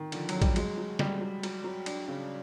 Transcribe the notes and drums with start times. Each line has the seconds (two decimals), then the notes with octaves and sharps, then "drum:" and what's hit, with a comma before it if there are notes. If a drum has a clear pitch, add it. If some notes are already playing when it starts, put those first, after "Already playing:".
Already playing: D#3
0.12 D3 F3, drum: cymbal
0.29 F#3, drum: cymbal
0.34 D3
0.42 G3, drum: kick, cymbal
0.56 F#3 G#3, drum: cymbal
0.78 F#3
0.99 F#3 G3, drum: snare
1.21 F#3
1.43 F#3, drum: cymbal
1.64 F#3
1.86 D4, drum: cymbal
2.08 C#3